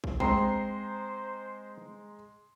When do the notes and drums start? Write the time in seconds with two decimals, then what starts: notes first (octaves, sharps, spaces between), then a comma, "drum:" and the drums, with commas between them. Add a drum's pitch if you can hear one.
0.04 drum: kick
0.20 G#3 C4 C5 A#5 C6 C7, drum: kick